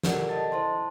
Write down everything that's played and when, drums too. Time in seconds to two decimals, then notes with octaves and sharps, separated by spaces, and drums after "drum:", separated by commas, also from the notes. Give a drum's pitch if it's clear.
0.03 G4 A4 A#4 D5 F#5, drum: snare
0.29 A4 D#5 A5 A6
0.52 E4 C5 A5 C6